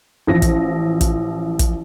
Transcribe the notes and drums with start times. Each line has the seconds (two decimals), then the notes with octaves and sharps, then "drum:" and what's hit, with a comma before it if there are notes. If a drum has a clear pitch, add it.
0.27 A1 F3 C5 A#6
0.42 drum: kick, hi-hat
1.01 drum: kick, hi-hat
1.59 drum: kick, hi-hat